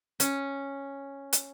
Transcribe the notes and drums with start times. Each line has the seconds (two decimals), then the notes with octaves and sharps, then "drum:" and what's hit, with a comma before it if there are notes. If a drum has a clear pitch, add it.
0.20 C#4, drum: hi-hat
1.33 drum: hi-hat